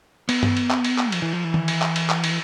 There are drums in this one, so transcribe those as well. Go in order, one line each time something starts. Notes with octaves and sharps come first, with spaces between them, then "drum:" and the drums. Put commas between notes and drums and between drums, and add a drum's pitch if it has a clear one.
B3, drum: cymbal
drum: tom G2
drum: cymbal
drum: clap
drum: cymbal
drum: clap
F3, drum: cymbal
E3
F3
E3
drum: tom D#3
drum: cymbal
drum: clap
drum: cymbal
drum: clap
drum: cymbal